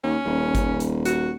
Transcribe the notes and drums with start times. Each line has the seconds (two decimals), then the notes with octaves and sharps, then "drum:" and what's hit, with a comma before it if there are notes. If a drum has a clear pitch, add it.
0.04 D#2 C#4
0.25 D#1
0.55 drum: kick G#1, hi-hat
0.80 drum: hi-hat
1.05 F#4, drum: hi-hat